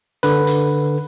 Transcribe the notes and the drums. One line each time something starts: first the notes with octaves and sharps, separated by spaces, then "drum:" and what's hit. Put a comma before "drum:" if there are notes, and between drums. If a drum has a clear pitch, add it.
D3 B4, drum: hi-hat
drum: hi-hat